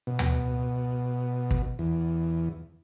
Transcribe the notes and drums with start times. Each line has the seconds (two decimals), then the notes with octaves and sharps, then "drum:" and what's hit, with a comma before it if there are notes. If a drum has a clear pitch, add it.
0.07 B2
0.19 drum: tom D2
1.51 drum: kick
1.79 E2